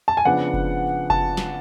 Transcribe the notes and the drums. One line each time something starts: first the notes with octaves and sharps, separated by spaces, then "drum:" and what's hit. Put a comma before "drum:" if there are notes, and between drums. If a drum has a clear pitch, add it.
A5
G#5
C#3 F3 B3 D4 F#5
drum: kick F1
A5, drum: kick F1
drum: snare